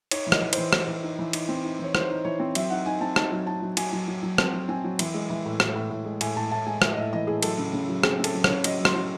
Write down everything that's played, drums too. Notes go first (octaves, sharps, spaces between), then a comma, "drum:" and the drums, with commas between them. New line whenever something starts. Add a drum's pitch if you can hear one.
D#4 C#5, drum: cymbal
E3
D#5, drum: rim click
E3
E3 C5, drum: cymbal
E3, drum: rim click
E3
D#4
E3
D#4, drum: cymbal
C4
D#4
E3 C#5
D#4 C5, drum: rim click
D#4
E3 C#5
C4
F#3 E5, drum: cymbal
D#4 F#5
D#4 G#5
C4 A5
D#4 A5, drum: rim click
F#3
D#4 A5
F#3
F#3 G#5, drum: cymbal
F#3
F#3
F#3
C4 A5, drum: rim click
F#3
C4 G#5
F#3
E3, drum: cymbal
G#3
E3
A2
A2, drum: rim click
A2
A2
G#3
A2 G#5, drum: cymbal
A2 A5
A2 A5
G#3 G#5
A2 E5, drum: rim click
D#5
A2 E5
E3 D#5
A2 G#4
F#3 A4, drum: cymbal
C#3
C#3
F#3
C4 G#4, drum: rim click
C4
A4, drum: cymbal
F#3
C#5, drum: rim click
C#3
F#3 D#5, drum: cymbal
F#3
C6, drum: rim click
F#3